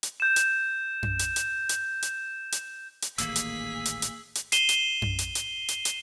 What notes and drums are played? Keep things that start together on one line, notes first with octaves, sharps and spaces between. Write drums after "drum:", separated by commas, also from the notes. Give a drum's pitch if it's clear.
drum: hi-hat
G6 E7
drum: hi-hat
drum: tom F#2
drum: hi-hat
drum: hi-hat
drum: hi-hat
drum: hi-hat
drum: hi-hat
drum: hi-hat
D#1 A1 D#2 A#3 G#4 E6 B6, drum: hi-hat
drum: hi-hat
drum: hi-hat
drum: hi-hat
drum: hi-hat
C7 D#7 E7 G7, drum: hi-hat
drum: hi-hat
drum: tom F#2
drum: hi-hat
drum: hi-hat
drum: hi-hat
drum: hi-hat